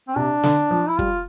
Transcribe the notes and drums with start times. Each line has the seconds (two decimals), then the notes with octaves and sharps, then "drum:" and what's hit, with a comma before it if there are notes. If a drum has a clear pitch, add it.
0.08 C4
0.16 C3 D4
0.44 D3, drum: snare
0.71 F3
0.88 E4
0.99 G3 F4, drum: kick